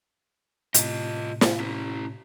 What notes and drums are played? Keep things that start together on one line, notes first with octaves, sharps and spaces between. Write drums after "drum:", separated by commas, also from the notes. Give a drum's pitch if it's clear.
A2 C3 F4 D#5, drum: hi-hat
drum: snare
C#4 E4